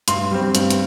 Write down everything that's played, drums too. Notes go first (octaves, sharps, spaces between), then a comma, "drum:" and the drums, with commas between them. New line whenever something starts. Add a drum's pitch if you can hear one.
G2 C6, drum: hi-hat
G3 C4
G2, drum: hi-hat
drum: hi-hat